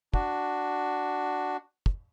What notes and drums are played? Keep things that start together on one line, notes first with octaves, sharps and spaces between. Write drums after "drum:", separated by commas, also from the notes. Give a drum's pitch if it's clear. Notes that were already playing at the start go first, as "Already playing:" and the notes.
D4 F#4, drum: kick
drum: kick